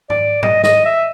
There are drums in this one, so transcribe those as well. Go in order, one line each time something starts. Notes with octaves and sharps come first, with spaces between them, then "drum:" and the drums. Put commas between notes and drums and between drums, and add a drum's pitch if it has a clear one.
D5, drum: tom G#2
D#5, drum: tom
D#5, drum: snare
E5